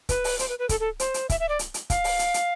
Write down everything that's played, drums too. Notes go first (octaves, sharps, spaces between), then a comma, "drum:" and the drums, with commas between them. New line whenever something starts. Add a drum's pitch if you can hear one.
B4, drum: kick C#1, hi-hat
drum: open hi-hat
C5, drum: hi-hat
B4
B4
A4, drum: kick C#1, hi-hat
A4
C5, drum: hi-hat
drum: hi-hat
E5, drum: kick C#1, hi-hat
E5
D5
drum: hi-hat
drum: hi-hat
F5, drum: kick C#1, hi-hat
drum: open hi-hat
drum: hi-hat
drum: hi-hat